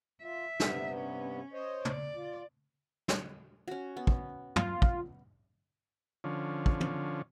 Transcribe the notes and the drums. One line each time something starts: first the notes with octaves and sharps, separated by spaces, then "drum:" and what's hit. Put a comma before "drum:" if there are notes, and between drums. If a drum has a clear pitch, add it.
F4 E5
G2 C3 B3, drum: snare
C#4
C5 C#5 D#5
D5, drum: tom
F4
drum: snare
C#4 F#4
B3
drum: kick
F4, drum: tom
drum: kick
D3 F3 C#4
drum: kick
drum: tom